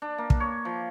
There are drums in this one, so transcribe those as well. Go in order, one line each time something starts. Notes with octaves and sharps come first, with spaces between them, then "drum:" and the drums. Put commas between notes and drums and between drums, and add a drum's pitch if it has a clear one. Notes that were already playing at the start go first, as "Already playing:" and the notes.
D4
A#3
drum: kick
C#5
F3